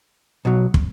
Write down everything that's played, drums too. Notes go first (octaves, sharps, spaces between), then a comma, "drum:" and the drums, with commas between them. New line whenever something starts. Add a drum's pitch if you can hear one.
B1 B2 F#3
drum: kick